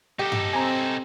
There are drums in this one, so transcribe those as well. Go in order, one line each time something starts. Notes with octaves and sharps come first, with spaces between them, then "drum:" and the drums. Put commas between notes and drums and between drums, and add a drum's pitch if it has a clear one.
D#4 G4 A4
drum: tom G2
C4 G#5 A#5